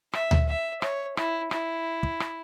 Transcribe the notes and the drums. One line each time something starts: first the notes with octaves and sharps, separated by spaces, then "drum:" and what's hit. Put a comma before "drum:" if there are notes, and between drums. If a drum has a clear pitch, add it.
E5, drum: rim click
drum: tom D2
E5
C#5, drum: rim click
E4, drum: rim click
E4, drum: rim click
drum: kick
drum: rim click